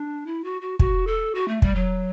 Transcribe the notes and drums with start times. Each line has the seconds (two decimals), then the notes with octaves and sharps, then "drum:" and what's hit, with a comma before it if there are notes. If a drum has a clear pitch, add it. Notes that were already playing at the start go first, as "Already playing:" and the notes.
Already playing: D4
0.26 E4
0.44 F#4
0.62 F#4
0.79 F#4, drum: kick
1.07 A4
1.35 F#4
1.48 A3
1.62 G3, drum: kick
1.75 F#3